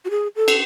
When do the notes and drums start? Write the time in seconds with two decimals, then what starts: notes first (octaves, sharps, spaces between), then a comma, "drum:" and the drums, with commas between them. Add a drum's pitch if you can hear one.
0.05 F#4
0.11 G#4
0.36 A4
0.48 drum: cymbal